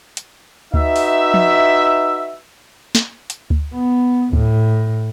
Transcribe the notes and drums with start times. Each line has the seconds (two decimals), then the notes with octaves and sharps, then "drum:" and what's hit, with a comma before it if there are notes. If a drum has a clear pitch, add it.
0.17 drum: hi-hat
0.74 D#4 F#4 B4 E5, drum: kick D2
0.96 drum: open hi-hat
1.34 drum: tom F3
2.95 drum: snare
3.30 drum: hi-hat
3.50 drum: kick D2
3.74 B3
4.33 A2, drum: kick D2